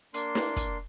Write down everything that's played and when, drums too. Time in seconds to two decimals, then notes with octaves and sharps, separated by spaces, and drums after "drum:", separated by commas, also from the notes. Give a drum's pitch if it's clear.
0.14 A#3 D4 C6, drum: hi-hat
0.35 drum: snare
0.56 drum: kick, hi-hat